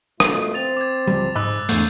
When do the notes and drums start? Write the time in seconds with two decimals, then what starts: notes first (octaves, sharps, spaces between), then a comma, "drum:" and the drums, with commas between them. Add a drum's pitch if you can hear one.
0.20 B2 A3 F4, drum: rim click
0.54 C4 A6 F7
0.77 D6 G#6
1.07 C#2 F3 G3
1.35 G#2 D#5 B5 D6 E6 F#6
1.69 E2 D3 A3 G6 G#6, drum: open hi-hat